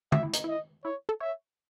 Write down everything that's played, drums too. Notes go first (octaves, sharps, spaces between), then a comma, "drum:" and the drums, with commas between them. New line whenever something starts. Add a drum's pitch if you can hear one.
F#4 E5, drum: tom
E4
D#4, drum: hi-hat
E4 D#5
E4 C#5
A4
C#5 E5